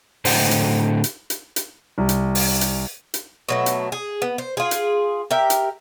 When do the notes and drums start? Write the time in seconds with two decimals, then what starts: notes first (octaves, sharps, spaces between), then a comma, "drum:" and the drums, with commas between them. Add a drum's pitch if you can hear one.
0.25 A2 D3 C5 D#5 F#5 G5, drum: open hi-hat
0.51 drum: hi-hat
1.04 drum: hi-hat
1.30 drum: hi-hat
1.56 drum: hi-hat
1.98 C2
2.09 drum: hi-hat
2.35 drum: open hi-hat
2.61 drum: hi-hat
3.14 drum: hi-hat
3.49 B2 F#3 A3
3.66 drum: hi-hat
3.92 G#4
4.22 B3
4.38 C5
4.57 F4 G#4
4.71 drum: hi-hat
5.31 G4 A#4 E5
5.50 drum: hi-hat